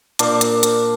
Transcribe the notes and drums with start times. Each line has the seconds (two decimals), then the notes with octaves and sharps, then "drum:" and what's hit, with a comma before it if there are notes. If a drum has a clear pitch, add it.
0.19 A#2 D4 C5, drum: hi-hat
0.41 drum: hi-hat
0.63 drum: hi-hat